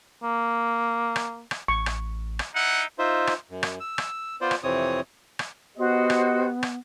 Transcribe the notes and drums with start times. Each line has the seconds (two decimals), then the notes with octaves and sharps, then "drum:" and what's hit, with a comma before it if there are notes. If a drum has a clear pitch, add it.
0.23 A#3
1.16 drum: rim click
1.51 drum: rim click
1.68 A1 C#6
1.86 drum: rim click
2.39 drum: rim click
2.54 D#4 E4 F#5
2.99 D#4 F4 C5 E5
3.27 drum: rim click
3.50 F#2
3.63 drum: rim click
3.80 E6
3.98 drum: rim click
4.41 B3 F4 C5 D5
4.51 drum: rim click
4.64 F2 C3 E3 C4 C#5 D#6
5.39 drum: rim click
5.78 B3 F#4 G4 C5 D#5
6.10 drum: rim click
6.63 drum: rim click